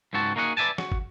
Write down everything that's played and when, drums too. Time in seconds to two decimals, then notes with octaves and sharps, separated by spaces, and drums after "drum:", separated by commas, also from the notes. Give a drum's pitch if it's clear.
0.13 C#2 G#2 C4 F#4 A5
0.36 A#3 D#4 F#4 G#4 F#5
0.57 B4 D5 E5 G#5 A5
0.78 F#4, drum: snare
0.92 drum: kick